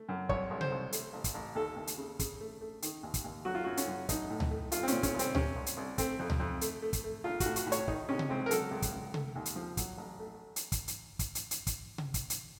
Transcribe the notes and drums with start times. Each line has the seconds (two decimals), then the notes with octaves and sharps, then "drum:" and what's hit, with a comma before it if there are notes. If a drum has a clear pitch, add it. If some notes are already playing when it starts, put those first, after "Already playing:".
Already playing: A3
0.09 F#2
0.29 C2 C#5, drum: kick
0.50 C2
0.61 C5, drum: tom C3
0.71 C2
0.92 A3, drum: hi-hat
1.13 A1
1.24 drum: kick, hi-hat
1.34 A1
1.55 D#2 A4
1.76 D#2
1.87 drum: hi-hat
1.98 C#3
2.19 C#3, drum: kick, hi-hat
2.40 A3
2.61 A3
2.82 D#3, drum: hi-hat
3.03 D#2
3.14 drum: kick, hi-hat
3.24 D#2
3.45 F#3 F#4
3.55 F4
3.64 F#2 F#4
3.77 C#4, drum: hi-hat
3.87 F#2
4.09 A1 D#4, drum: kick, hi-hat
4.30 A2
4.40 drum: tom C#2
4.51 A3
4.72 C2 F4, drum: hi-hat
4.83 C4
4.88 A#2 C#4, drum: hi-hat
5.03 C#4, drum: kick, hi-hat
5.14 C2
5.19 C4, drum: hi-hat
5.35 C3 C#4, drum: tom C#2
5.56 C2
5.66 drum: hi-hat
5.77 C2
5.98 A3 C4, drum: kick, hi-hat
6.19 F2
6.30 drum: tom C#2
6.40 F2
6.61 A3, drum: hi-hat
6.82 A3
6.93 drum: kick, hi-hat
7.04 A3
7.24 A#1 F4
7.40 F#4, drum: kick, hi-hat
7.46 A2
7.56 F#4, drum: hi-hat
7.66 A2
7.72 C#5, drum: hi-hat
7.88 D#3 D#4, drum: kick
8.09 C3 C#4
8.19 drum: tom C3
8.29 C#2 C4
8.46 A#4
8.51 F#3 A4, drum: hi-hat
8.71 C#2
8.82 drum: kick, hi-hat
8.93 C#2
9.14 A3, drum: tom C3
9.36 D#2
9.45 drum: hi-hat
9.56 F3
9.77 F#3, drum: kick, hi-hat
9.98 A1
10.20 A3
10.56 drum: hi-hat
10.72 drum: kick, hi-hat
10.88 drum: hi-hat
11.19 drum: kick, hi-hat
11.35 drum: hi-hat
11.51 drum: hi-hat
11.67 drum: kick, hi-hat
11.98 drum: tom C3
12.14 drum: kick, hi-hat
12.30 drum: hi-hat